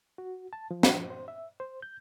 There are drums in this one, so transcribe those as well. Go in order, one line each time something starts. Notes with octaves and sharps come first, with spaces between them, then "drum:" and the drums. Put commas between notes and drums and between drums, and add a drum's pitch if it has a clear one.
F#4
A5
F3
drum: snare
C5
E5
C5
G6